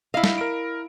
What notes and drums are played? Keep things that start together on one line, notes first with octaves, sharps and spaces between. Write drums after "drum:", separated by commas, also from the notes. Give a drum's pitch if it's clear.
E4 D#5 F5
drum: snare
A#4 D7